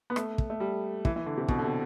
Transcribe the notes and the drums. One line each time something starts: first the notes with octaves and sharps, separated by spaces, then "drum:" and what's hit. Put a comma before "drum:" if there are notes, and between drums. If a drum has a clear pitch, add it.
B3
A3, drum: rim click
drum: kick
A3
G3
E3, drum: kick
E3
D3
C3
B2, drum: kick
D3
C3